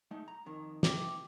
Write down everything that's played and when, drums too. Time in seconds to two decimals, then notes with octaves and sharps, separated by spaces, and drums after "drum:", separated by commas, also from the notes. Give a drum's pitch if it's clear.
0.11 G#3 A3 D#4
0.28 A#5
0.46 F2 D#3
0.83 E3 G4 D6, drum: snare